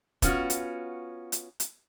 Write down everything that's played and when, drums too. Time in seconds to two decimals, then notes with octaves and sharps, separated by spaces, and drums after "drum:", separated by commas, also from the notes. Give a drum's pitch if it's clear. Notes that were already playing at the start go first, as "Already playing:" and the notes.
0.22 B3 C#4 F4 F#4, drum: kick, hi-hat
0.50 drum: hi-hat
1.32 drum: hi-hat
1.60 drum: hi-hat